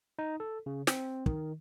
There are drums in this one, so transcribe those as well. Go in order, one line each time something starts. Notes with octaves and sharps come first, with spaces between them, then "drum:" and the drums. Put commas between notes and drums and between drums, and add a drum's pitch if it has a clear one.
D#4
A4
C#3
C4, drum: snare
D#3, drum: kick